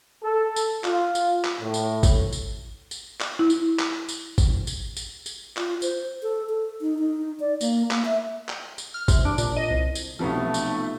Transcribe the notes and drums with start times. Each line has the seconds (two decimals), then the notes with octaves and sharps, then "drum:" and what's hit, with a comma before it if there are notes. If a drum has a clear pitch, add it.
0.24 A4
0.56 drum: tambourine
0.84 F4, drum: clap
1.15 drum: tambourine
1.44 drum: clap
1.61 A2
1.74 drum: tambourine
2.03 drum: kick G#1, tambourine
2.32 drum: tambourine
2.91 drum: tambourine
3.21 drum: clap
3.39 E4
3.50 drum: tambourine
3.79 drum: clap
4.09 drum: tambourine
4.38 drum: kick G#1, tambourine
4.67 drum: tambourine
4.97 drum: tambourine
5.26 drum: tambourine
5.57 F4, drum: clap
5.82 C5, drum: tambourine
6.23 A4
6.50 A4
6.81 D#4
6.99 D#4
7.40 D5
7.61 A#3, drum: tambourine
7.91 A#3, drum: clap
8.05 E5
8.49 drum: clap
8.78 drum: tambourine
8.94 F6
9.08 C3, drum: kick G#1, tambourine
9.25 D4
9.38 A#2, drum: tambourine
9.57 D#5
9.71 C2
9.95 drum: tambourine
10.19 B1 C3 F3 A3 B3 C#4
10.54 drum: tambourine